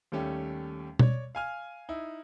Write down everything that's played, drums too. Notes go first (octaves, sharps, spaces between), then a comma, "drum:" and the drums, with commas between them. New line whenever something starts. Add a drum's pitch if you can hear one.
D#2 G3 A3 C#4 G4
C#5 D5, drum: tom B2
F5 G#5 F6
D#4 E4